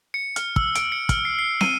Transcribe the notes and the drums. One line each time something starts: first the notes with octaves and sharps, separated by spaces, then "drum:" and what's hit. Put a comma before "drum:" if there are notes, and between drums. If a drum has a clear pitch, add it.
C#7
F6, drum: hi-hat
E6, drum: kick
D7, drum: hi-hat
C#7
F6, drum: kick, hi-hat
C7
C7
D#7, drum: snare